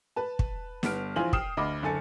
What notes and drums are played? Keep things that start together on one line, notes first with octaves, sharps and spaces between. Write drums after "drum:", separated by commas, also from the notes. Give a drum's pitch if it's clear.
B4 A5
drum: kick
G1 B3 F6 D7, drum: snare
A#1 E3 F4 C5 G#5 F#7
G5 D#6 F6 C7 E7, drum: kick
D2 D#5 B5 D6
F#1 D3 A4 G#5 A6 C#7